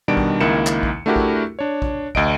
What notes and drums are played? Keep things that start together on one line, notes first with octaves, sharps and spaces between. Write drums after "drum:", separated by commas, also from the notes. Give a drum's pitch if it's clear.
B2 D#3 G3 D4 D7
drum: kick
C#2 D#3 A#3 E4 C#7 E7
drum: clap
drum: kick
A3 D4 E4 F#4 G4 A#4
drum: kick
D4 C#5
drum: kick
D2 D#5 D7, drum: kick